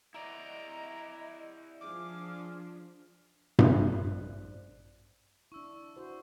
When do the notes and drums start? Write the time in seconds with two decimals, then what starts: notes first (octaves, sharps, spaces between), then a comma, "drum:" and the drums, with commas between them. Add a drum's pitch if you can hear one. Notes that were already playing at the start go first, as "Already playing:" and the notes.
0.14 E4 D5 D#5 A#5
1.81 F3 D4 G#4 D6 F6
3.59 A1 C5 D5 F#6, drum: tom G2
5.52 D4 E4 C#6 E6
5.97 E4 F#4 C5